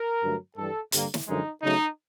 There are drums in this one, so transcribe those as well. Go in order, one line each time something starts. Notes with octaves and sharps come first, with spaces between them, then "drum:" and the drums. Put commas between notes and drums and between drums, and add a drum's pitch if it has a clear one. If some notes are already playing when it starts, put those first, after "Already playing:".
Already playing: A#4
G2 D3 F#3 A3
G2 E3 G3 A4
G2 D3 G3 A#3, drum: hi-hat
drum: snare
F#2 D3 F3 G#3 D#4
C#3 F#3 A3 D#4